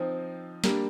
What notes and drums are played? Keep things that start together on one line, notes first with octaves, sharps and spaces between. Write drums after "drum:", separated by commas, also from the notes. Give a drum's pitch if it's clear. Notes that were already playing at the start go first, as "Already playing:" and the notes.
Already playing: F3 C4 D#4
G3 A#3 D4, drum: snare